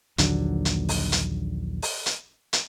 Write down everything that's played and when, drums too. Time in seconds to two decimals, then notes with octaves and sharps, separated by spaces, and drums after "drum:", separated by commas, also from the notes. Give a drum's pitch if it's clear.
0.18 A#1 D#2 D3 F#3, drum: hi-hat
0.65 drum: hi-hat
0.89 drum: open hi-hat
1.12 drum: hi-hat
1.82 drum: open hi-hat
2.06 drum: hi-hat
2.53 drum: hi-hat